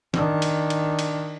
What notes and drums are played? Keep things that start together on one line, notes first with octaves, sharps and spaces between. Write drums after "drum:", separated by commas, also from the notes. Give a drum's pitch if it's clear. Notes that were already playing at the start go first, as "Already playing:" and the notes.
D#3 D4, drum: snare
drum: cymbal
drum: cymbal
drum: cymbal